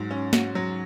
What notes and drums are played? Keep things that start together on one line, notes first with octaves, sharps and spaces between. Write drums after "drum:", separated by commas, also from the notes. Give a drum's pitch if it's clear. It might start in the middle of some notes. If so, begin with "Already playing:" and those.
Already playing: G#2 F#3 F#4
C#4
F#4, drum: snare
F#3